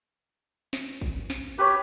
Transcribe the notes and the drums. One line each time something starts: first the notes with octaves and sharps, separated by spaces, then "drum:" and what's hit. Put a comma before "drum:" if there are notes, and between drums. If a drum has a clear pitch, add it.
drum: snare
drum: kick
drum: snare
G4 B4 C#5